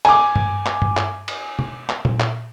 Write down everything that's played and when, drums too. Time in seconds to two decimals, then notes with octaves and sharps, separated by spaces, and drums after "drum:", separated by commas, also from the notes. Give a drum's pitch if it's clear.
0.05 G#5 D6, drum: cymbal
0.36 drum: tom G2
0.66 drum: clap
0.82 drum: tom G2
0.97 drum: clap
1.28 drum: cymbal
1.59 drum: tom B2
1.89 drum: clap
2.05 drum: tom A#2
2.20 drum: clap